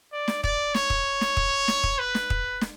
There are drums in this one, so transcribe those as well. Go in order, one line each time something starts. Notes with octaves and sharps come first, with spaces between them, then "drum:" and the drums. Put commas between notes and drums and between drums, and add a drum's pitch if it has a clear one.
D5
drum: snare
D5, drum: kick
C#5, drum: snare
drum: kick
drum: snare
drum: kick
drum: snare
drum: kick
B4
drum: snare
drum: kick
drum: snare